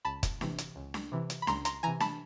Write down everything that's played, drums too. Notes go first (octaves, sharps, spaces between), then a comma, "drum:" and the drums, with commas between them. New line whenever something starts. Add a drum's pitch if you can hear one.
C#2 A5 B5
drum: kick, hi-hat
C3 E3, drum: snare D4
drum: hi-hat
C#2
drum: snare D4
C3 E3
drum: hi-hat
B5
C#2 A#5 C6, drum: snare D4
A#5 C6, drum: hi-hat
C3 E3 G#5 A#5
A5 B5, drum: snare D4